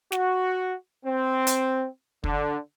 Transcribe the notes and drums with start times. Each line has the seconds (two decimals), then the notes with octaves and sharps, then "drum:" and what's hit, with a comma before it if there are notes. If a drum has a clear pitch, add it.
0.12 F#4, drum: snare
1.05 C4
1.47 drum: hi-hat
2.24 D3, drum: kick